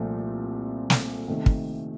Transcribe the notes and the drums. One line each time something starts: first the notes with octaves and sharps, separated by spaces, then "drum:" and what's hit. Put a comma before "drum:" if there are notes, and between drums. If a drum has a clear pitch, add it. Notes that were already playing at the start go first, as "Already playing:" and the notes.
Already playing: C2 A#2 F3 A3
drum: snare
C3 D#3 A3
drum: kick